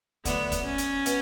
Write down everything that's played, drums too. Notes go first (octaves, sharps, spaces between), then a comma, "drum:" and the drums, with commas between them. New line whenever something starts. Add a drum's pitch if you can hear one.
D3 F#3 A3 B3 D4, drum: kick, hi-hat
drum: kick, hi-hat
C#4
drum: hi-hat
B2, drum: hi-hat